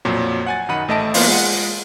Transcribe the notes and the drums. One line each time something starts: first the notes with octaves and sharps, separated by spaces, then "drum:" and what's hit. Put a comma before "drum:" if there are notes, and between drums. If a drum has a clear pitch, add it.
B1 F2 A#2 F#3
F#5 G#5 A6
F#2 D#3 D#4 F#5 B5 D#7
A1 A3 D#5 E5 A5 D7
E3 A#3 B3 F4 C5 F5, drum: open hi-hat
G#3 F4 F#5